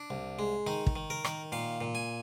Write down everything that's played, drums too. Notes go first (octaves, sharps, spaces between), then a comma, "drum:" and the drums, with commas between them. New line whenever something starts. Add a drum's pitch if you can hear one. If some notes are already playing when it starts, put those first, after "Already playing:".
Already playing: D4
C2
G#3
D#3 D#4
drum: kick
D#3
A#4
D#3, drum: rim click
A#2 F5
A#2
G#5